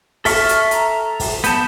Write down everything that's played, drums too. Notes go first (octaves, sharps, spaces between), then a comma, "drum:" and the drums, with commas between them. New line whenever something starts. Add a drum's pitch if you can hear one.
A4 E5 C#6 F6, drum: kick, open hi-hat
drum: hi-hat
A#5, drum: hi-hat
drum: kick, open hi-hat
B3 A5 G6, drum: hi-hat